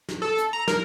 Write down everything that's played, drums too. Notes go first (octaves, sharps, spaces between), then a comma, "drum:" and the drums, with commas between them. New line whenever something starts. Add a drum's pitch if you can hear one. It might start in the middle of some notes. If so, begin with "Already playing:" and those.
drum: snare
A4
drum: hi-hat
A#5
A#4, drum: snare